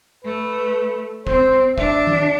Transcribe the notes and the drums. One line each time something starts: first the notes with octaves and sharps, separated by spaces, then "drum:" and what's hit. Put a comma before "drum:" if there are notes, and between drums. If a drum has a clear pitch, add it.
A3 B4
C4 C5, drum: kick
D4 E5, drum: kick
drum: tom D#3